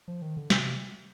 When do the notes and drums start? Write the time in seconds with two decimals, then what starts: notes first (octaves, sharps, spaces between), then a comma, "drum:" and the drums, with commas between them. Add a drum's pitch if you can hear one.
0.08 F3
0.22 D#3
0.37 D3
0.50 C3, drum: snare